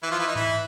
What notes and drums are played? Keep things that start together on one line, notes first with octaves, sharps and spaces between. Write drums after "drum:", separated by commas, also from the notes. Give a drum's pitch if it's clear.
E3 E4
F3 F4
E3 E4
D#4
E3 E4, drum: tom G#2